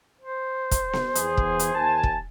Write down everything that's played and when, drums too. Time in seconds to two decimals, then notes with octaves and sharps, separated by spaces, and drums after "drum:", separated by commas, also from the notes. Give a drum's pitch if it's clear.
0.21 C5
0.71 drum: kick, hi-hat
0.93 drum: snare B3
1.15 E2 G#4, drum: hi-hat
1.37 drum: kick
1.59 drum: hi-hat
1.74 D#2 G#5 A5
2.03 drum: kick